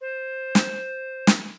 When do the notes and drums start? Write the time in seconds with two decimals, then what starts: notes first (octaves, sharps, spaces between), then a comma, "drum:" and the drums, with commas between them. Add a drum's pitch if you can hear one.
0.01 C5
0.55 drum: snare
1.27 drum: snare